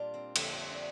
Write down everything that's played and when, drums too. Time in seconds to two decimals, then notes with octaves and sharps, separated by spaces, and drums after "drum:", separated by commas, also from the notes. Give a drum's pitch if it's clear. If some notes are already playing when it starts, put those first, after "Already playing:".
Already playing: A#2 G3 D4 F4
0.14 C4
0.36 F2 D3 G3 A#3, drum: cymbal
0.52 C4
0.69 D4